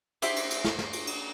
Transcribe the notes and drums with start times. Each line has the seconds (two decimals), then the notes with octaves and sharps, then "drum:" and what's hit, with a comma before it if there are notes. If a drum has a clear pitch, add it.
0.22 G4 G#4 C5 E5, drum: cymbal
0.36 drum: cymbal
0.50 drum: cymbal
0.65 drum: snare
0.79 drum: snare
0.93 drum: cymbal
1.07 drum: cymbal